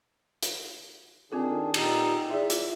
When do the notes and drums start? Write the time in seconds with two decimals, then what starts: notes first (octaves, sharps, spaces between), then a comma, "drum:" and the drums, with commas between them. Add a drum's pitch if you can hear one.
0.43 drum: hi-hat
1.32 D#3 C4 D4 F4 G#4 A4
1.74 A#2 D#4 G4, drum: cymbal
2.30 E4 G#4 D5 E5
2.50 F4, drum: hi-hat